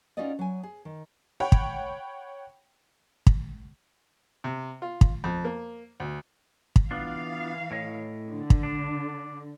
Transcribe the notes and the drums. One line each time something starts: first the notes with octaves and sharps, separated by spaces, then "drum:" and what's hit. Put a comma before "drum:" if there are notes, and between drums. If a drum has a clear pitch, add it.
C#4 D#4 F4 F#4 D5 D#5
F#3 G#5
G#4
D#3
C#5 F#5 G5 B5
drum: kick
drum: kick
C3
F4
drum: kick
F2
A#3
D2
drum: kick
E3 B3 D4 F4 F5
A2 C#5 D#5
D3
drum: kick
D4